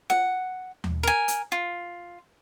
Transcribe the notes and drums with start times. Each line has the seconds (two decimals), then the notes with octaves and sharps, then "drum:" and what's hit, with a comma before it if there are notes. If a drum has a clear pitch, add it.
0.10 F#5, drum: snare F4
0.84 drum: tom D#2
1.03 A#4 G#5
1.28 drum: hi-hat
1.52 F4